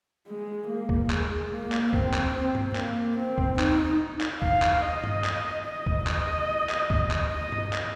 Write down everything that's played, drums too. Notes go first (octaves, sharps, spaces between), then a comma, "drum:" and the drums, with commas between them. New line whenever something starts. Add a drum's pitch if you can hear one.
G#3
A#3
drum: kick
G#3, drum: clap
A#3
drum: clap
C4, drum: kick
drum: clap
C4
drum: tom G2
A#3, drum: clap
C4
drum: kick
D#4, drum: clap
drum: clap
F5, drum: kick
drum: clap
D#5
drum: tom G2
drum: clap
D#5
drum: kick
D#5, drum: clap
drum: clap
drum: kick
drum: clap
D#5
drum: tom G2
drum: clap